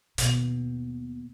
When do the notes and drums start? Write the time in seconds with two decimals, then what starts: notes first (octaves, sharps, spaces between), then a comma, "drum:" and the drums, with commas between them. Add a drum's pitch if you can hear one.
0.18 D#2 B2, drum: hi-hat